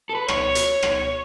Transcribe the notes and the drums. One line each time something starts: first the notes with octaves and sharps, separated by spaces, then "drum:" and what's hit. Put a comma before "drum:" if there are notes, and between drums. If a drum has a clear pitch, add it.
A4
B4
C#5, drum: rim click
C#5
drum: hi-hat
drum: rim click